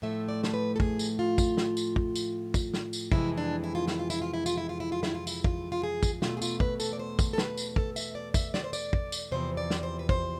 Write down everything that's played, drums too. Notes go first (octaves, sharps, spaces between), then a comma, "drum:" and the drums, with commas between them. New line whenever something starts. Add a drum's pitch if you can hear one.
A2 F3 A3 E5
D5
A4, drum: snare
B4
A4
G#4, drum: kick
drum: tambourine
F4
drum: kick, tambourine
drum: snare
drum: tambourine
drum: kick
drum: tambourine
drum: kick, tambourine
drum: snare
drum: tambourine
F2 C3 E3 G#3 E4, drum: kick
D4
E4
F4
E4, drum: snare
F4
E4, drum: tambourine
F4
E4
F4, drum: tambourine
E4
F4
E4
F4
E4, drum: snare
F4
E4, drum: tambourine
F4, drum: kick
F4
G#4
drum: kick, tambourine
E2 B2 A3 F4, drum: snare
G#4
F4, drum: tambourine
B4, drum: kick
A4, drum: tambourine
D5
C5
drum: kick, tambourine
A4
B4, drum: snare
drum: tambourine
A4, drum: kick
E5, drum: tambourine
D5
E5, drum: kick, tambourine
D5, drum: snare
C5
D5, drum: tambourine
drum: kick
drum: tambourine
E2 C3 F3 C5
D5
drum: snare
C5
B4
C5, drum: kick